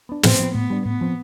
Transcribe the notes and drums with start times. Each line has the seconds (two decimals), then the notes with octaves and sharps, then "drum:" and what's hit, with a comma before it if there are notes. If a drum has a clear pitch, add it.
0.09 B3 D4
0.23 A2 C4, drum: snare
0.39 F3 B3
0.54 A2 B3
0.70 G3 D4
0.85 A2 B3
1.01 F3 C4